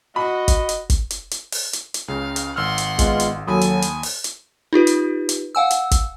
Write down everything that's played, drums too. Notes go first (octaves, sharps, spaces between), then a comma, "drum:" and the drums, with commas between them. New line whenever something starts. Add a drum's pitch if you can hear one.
F#4 D#5 B5
drum: kick, hi-hat
drum: hi-hat
drum: kick, hi-hat
drum: hi-hat
drum: hi-hat
drum: open hi-hat
drum: hi-hat
drum: hi-hat
C#2 C#3 F5
drum: hi-hat
G#1 F#5 C6 E6 F6
drum: hi-hat
G#3 B3 F4, drum: kick, hi-hat
drum: hi-hat
D#2 F#3 A4 G#5 B5 D#6
drum: hi-hat
drum: hi-hat
drum: open hi-hat
drum: hi-hat
D#4 F4 G4 B4
drum: hi-hat
drum: hi-hat
F5 F#5 G#5 E6
drum: hi-hat
drum: kick, hi-hat